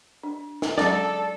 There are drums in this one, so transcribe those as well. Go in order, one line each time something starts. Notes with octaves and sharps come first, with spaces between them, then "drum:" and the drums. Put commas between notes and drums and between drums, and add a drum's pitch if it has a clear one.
D4
drum: snare
F#3 G#3 C#4 A4 D5, drum: snare